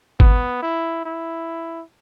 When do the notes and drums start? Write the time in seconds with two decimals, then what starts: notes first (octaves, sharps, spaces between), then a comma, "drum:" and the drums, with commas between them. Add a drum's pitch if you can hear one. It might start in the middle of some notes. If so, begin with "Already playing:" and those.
0.20 B3, drum: kick G#1
0.63 E4
1.05 E4